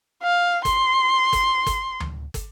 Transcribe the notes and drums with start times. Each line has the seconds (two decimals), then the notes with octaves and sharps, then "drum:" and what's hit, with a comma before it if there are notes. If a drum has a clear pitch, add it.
0.23 F5
0.65 C6, drum: kick, hi-hat
1.33 drum: kick, hi-hat
1.66 drum: kick, hi-hat
2.00 drum: tom D2
2.34 drum: kick, hi-hat